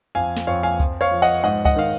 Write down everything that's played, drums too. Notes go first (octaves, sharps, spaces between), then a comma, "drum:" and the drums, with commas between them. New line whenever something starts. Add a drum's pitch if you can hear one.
F2 F5 G#5
drum: snare
F2 C#5 F5
F5 G#5
F3, drum: kick C#2, tambourine
C#5 F5
F3
D#5 F#5, drum: tambourine
G#2 D#5 F#5
D#5 F#5, drum: kick C#2, tambourine
D#3 F5